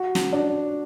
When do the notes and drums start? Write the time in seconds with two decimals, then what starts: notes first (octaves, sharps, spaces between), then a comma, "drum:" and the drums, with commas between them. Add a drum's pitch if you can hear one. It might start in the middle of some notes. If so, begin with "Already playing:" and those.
Already playing: F#4
0.15 drum: snare
0.33 D4